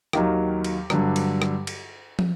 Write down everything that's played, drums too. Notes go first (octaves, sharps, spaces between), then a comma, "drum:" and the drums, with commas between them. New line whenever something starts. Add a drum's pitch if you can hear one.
D#2 D#3 F#3 G4, drum: rim click
drum: cymbal
G2 D3 F#3, drum: rim click
drum: cymbal
drum: rim click
drum: cymbal
drum: tom